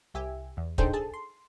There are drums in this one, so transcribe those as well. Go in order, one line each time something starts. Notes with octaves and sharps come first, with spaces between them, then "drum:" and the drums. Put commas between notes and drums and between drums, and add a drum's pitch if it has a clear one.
C2 G4 E5 G#5
E2
D4 D#4 G#4 A4 C5 G5, drum: kick
G#4 A4 A5
C6